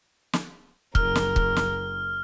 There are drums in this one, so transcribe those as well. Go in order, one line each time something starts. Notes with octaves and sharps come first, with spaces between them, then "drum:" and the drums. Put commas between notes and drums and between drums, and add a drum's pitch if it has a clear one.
drum: snare
F#1 A#4 F6, drum: kick C#1
drum: snare
drum: kick C#1
drum: snare